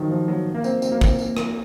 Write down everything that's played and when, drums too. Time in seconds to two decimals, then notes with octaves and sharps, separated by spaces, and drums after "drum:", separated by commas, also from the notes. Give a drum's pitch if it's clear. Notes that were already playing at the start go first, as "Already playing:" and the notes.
Already playing: D#3 F3 F#3
0.10 F3
0.28 F#3
0.54 A#3
0.64 C4, drum: tambourine
0.82 C4, drum: tambourine
0.92 A#3
1.01 C4, drum: kick, tambourine
1.18 drum: tambourine
1.37 drum: rim click